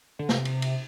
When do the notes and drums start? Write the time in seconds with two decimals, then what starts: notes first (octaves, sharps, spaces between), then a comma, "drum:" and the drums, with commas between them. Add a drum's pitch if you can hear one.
0.19 D3
0.29 C3, drum: snare
0.45 drum: cymbal
0.62 drum: cymbal